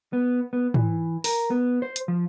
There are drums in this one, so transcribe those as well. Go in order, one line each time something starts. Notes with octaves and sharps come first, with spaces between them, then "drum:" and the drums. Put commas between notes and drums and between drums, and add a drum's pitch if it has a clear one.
B3
B3
E3, drum: tom
A#4, drum: open hi-hat
B3
C5
drum: hi-hat
F3